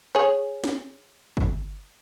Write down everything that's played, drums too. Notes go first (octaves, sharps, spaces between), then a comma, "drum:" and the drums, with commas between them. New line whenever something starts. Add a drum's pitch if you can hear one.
G#4 C#5
drum: snare C4
drum: kick